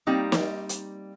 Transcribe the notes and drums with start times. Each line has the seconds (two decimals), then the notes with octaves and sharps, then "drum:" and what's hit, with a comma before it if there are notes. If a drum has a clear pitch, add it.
0.07 G3 A#3 C4 D#4
0.32 drum: snare
0.69 drum: hi-hat